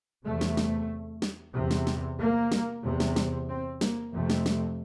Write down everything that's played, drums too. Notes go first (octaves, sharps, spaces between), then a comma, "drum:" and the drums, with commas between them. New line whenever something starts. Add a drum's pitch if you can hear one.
E2 C3 A3
drum: snare
drum: snare
drum: snare
E2 C3
drum: snare
drum: snare
A#3
drum: snare
E2 C3
drum: snare
drum: snare
C4
A#3, drum: snare
F2 C3 A3
drum: snare
drum: snare